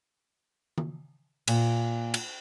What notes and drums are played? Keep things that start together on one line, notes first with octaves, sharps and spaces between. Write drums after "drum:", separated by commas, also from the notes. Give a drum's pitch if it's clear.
drum: tom D#3
A#2, drum: cymbal
drum: cymbal